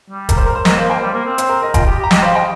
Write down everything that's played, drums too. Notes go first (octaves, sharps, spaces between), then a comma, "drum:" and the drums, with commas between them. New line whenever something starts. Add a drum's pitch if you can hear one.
G3
A#4, drum: kick, hi-hat
C5
A#4
C5
A#3 A#4 D#5, drum: snare
C5 F5
A#3
D#5 G5
G3 C5
A#3
C4
C5, drum: hi-hat
A#4
A#4 D#5
F4 D#5 G5, drum: kick, hi-hat
G4
G4
A#5
D#5 G5, drum: snare
C5 F5
D#5 G5